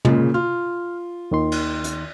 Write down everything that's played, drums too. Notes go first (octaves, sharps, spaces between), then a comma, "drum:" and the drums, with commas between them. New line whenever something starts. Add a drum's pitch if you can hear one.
A#2 C#3 G#3 A#3, drum: tom
F4 F6
D#2 D#3 C6
drum: cymbal
drum: hi-hat